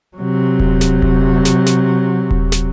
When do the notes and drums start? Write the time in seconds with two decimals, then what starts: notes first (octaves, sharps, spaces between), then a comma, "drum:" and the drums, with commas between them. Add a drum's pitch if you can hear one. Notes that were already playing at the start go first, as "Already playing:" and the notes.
0.17 C3 F#3
0.60 drum: kick D#1
0.81 drum: snare
1.02 drum: kick D#1
1.45 drum: snare
1.66 drum: snare
2.31 drum: kick D#1
2.52 drum: snare